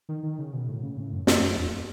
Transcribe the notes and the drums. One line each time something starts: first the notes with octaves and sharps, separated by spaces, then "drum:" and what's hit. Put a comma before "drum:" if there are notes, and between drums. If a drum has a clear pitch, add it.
D#3
D#3
C#3
B2
A2
C#3
A2
F#2
F#2, drum: snare
F#2
E2